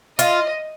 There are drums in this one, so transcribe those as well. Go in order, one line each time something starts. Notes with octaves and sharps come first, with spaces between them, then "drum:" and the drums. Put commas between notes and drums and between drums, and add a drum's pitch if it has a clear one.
F4 D#5, drum: hi-hat